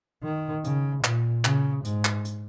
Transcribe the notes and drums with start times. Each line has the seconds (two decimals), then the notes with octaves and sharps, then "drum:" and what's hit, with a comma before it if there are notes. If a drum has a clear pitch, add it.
0.24 D#3
0.64 C#3, drum: hi-hat
1.04 A#2, drum: clap
1.45 C#3, drum: clap
1.85 G#2, drum: hi-hat
2.05 drum: clap
2.25 drum: hi-hat